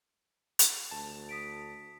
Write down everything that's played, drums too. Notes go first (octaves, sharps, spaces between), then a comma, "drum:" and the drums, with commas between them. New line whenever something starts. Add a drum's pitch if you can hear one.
drum: hi-hat
D2 A5
D#6 B6 D7